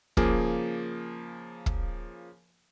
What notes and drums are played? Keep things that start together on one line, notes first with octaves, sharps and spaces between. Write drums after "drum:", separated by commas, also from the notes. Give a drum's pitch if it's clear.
C#3 F3 A#3 G#4 D6, drum: kick
drum: kick